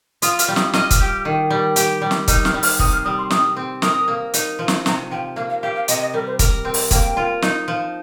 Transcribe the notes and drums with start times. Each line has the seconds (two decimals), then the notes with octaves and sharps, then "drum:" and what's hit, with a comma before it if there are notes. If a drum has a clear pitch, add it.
0.22 F4 D#6, drum: hi-hat
0.39 F6, drum: hi-hat
0.48 G3
0.56 D#6, drum: snare
0.73 D#5 F6, drum: snare
0.91 drum: kick, hi-hat
1.00 G4
1.25 D#3
1.50 G3
1.76 G4, drum: hi-hat
2.02 G3
2.11 drum: snare
2.28 D#4 F6, drum: kick, hi-hat
2.45 F6, drum: snare
2.54 G3
2.63 F6, drum: open hi-hat
2.79 C3 D#6, drum: kick
2.93 F6
3.05 G3 D#6
3.18 C6
3.30 G3 D#6, drum: snare
3.56 C4
3.82 A#4 D#6, drum: snare
4.08 A#3
4.34 D#4, drum: hi-hat
4.59 F3
4.68 drum: snare
4.86 C3 A#5, drum: snare
5.11 F3 G5
5.36 A#3 F5
5.49 F5
5.63 G4 F5
5.75 F5
5.88 C3 D#5, drum: hi-hat
6.01 D#5
6.14 G3 A#4
6.27 C5
6.39 A#4, drum: kick, hi-hat
6.65 C4
6.74 drum: open hi-hat
6.91 A#3 G5, drum: kick, hi-hat
7.17 F4
7.42 D#4, drum: snare
7.68 F3